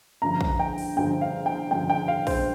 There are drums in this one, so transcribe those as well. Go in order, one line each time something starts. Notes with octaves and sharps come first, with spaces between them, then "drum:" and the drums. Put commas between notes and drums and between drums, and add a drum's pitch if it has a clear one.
G2 D3 F3 A#5
drum: kick
G5
drum: open hi-hat
G2 D3 F3 G5
F5
G5
G2 D3 F3 G5
G5
F5
C5, drum: kick, open hi-hat